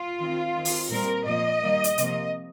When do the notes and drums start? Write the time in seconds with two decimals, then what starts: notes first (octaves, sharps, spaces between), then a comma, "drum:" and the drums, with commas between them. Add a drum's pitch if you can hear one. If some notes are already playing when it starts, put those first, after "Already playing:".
Already playing: F4
0.19 D#3 C4
0.55 D#3 C4
0.65 drum: open hi-hat
0.91 A#2 G3 C4 A#4
1.26 A#2 F3 A#3 D#5
1.62 D#3 G3 A#3
1.84 drum: hi-hat
1.98 C3 F3 A#3, drum: hi-hat